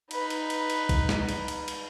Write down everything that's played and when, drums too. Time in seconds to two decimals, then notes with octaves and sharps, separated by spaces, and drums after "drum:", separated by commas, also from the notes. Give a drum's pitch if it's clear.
0.11 D#4 B4, drum: cymbal
0.30 drum: cymbal
0.50 drum: cymbal
0.70 drum: cymbal
0.89 drum: kick, cymbal
1.09 drum: snare
1.29 drum: cymbal
1.48 drum: cymbal
1.68 drum: cymbal